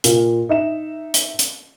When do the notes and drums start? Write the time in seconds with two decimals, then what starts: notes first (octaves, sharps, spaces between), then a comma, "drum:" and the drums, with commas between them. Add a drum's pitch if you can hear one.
0.04 A#2 A#4, drum: hi-hat
0.49 D#4 E5 E7
1.14 drum: hi-hat
1.39 drum: hi-hat